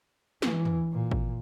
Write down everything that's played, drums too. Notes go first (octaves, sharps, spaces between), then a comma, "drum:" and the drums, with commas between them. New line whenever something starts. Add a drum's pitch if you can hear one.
E3, drum: snare
drum: tom
A#2
drum: kick G#1